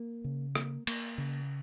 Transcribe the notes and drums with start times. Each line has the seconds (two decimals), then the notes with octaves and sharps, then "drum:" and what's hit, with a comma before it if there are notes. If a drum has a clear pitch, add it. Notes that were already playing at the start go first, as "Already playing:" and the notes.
Already playing: A#3
0.24 C#3
0.55 A#3, drum: rim click
0.87 A#3, drum: cymbal
1.18 C#3